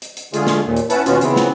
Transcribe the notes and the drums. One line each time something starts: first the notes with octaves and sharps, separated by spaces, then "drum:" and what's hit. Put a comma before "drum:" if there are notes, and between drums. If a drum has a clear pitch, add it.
drum: hi-hat
drum: hi-hat
D3 G#3 A3 F4 G#4, drum: hi-hat
drum: snare
D#2 A#2
drum: hi-hat
C#4 E4 B4 F#5 A5, drum: hi-hat
D#2 B2 B3 C#4 F4 F#4, drum: hi-hat
C#3 E3 B3 C4, drum: hi-hat
drum: snare